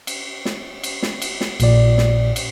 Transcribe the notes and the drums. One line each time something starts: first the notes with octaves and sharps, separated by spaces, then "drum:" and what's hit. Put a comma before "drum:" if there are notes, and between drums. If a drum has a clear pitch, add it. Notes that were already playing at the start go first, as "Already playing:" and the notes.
drum: cymbal
drum: snare
drum: cymbal
drum: snare
drum: cymbal
drum: snare
A#1 A#2 D5, drum: cymbal
drum: snare
drum: cymbal